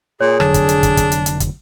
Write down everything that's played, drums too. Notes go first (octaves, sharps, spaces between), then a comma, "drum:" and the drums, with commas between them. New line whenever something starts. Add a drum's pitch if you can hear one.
A#2 G#4 C#5
F1 D3 F#3 D4, drum: rim click
drum: kick, hi-hat
drum: hi-hat
drum: kick, hi-hat
drum: kick, hi-hat
drum: hi-hat
drum: hi-hat
drum: kick, hi-hat